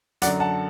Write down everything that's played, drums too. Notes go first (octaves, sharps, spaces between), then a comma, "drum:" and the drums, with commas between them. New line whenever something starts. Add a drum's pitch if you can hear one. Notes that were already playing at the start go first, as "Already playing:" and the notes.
F#2 D3 F#3 D5 F#5, drum: hi-hat
F#5 A5